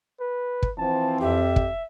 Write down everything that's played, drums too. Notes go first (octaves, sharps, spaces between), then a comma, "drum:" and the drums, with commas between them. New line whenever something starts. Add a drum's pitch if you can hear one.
B4
drum: kick
E3 F3 C4 A5
F2 G4 E5
drum: kick